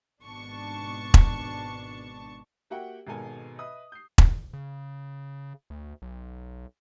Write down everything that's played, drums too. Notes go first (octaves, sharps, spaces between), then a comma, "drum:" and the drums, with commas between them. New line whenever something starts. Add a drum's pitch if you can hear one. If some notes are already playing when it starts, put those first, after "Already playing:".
G#1 B2 D4 A5 C#6
drum: kick E1
A#3 F#4 G4 E5 F#5 G5
G#1 B2 G#3 A4 A#4 G#5
B4 D#5 E5 D#6
G6 C7
drum: kick E1
C#3
D2
B1